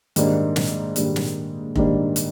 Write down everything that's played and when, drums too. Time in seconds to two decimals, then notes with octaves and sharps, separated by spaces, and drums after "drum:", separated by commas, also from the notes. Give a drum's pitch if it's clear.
0.16 G#2 D#3 G3 A#3 D4, drum: hi-hat
0.56 drum: snare
0.96 G#2 D#3 G3 A#3 D4, drum: hi-hat
1.16 drum: snare
1.76 G#2 D#3 G3 A#3 D4, drum: kick F1
2.16 drum: hi-hat